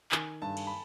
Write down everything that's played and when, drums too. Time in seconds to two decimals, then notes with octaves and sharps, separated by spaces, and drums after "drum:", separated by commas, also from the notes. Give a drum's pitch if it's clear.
0.12 D#3 G#5, drum: clap
0.42 G2 A5
0.57 drum: cymbal
0.67 B5